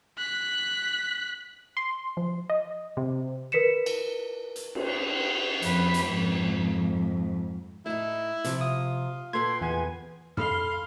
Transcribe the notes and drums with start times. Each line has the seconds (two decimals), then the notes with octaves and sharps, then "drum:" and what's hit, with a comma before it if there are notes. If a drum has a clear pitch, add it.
0.18 F#6 B6
1.77 C6
2.17 F3
2.50 D#5
2.97 C3
3.52 A#4 B4 B6 C#7 E7
3.86 drum: cymbal
4.56 drum: hi-hat
4.75 drum: cymbal
5.62 F2 B4, drum: hi-hat
5.94 drum: hi-hat
6.07 F2 G#2
7.86 A2 D#4 E4
8.44 C3 F3, drum: hi-hat
8.61 F4 D#6
9.33 A#2 A4 B4 G5 C6 G#6
9.61 E2 B3 G#5
10.37 A4 F5 B5 C6 F6, drum: tom